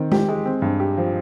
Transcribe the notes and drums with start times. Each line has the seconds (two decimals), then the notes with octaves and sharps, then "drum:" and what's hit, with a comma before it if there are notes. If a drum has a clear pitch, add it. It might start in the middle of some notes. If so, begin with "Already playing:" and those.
Already playing: D#3 C4
0.12 G4, drum: tom G#3
0.28 G#3
0.45 C4
0.62 G2
0.80 G4
0.97 F3